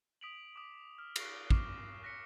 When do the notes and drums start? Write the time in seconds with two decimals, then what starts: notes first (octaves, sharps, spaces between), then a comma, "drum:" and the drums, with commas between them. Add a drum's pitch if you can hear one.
0.21 D#6 B6 D7 F7 F#7
0.56 D6 D#6
0.98 F6
1.16 C#6 F#6 A#6 C7 D7, drum: cymbal
1.51 C#6 D6 F6 C7, drum: kick
2.03 F#6 A#6 B6 C#7